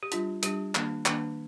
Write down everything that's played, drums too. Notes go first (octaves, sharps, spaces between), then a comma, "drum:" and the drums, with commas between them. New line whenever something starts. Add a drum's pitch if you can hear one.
G4
G3 D4 F4, drum: hi-hat
G3 D4 G4, drum: hi-hat
D#3 A#3 D4, drum: clap
D#3 A#3 D4, drum: clap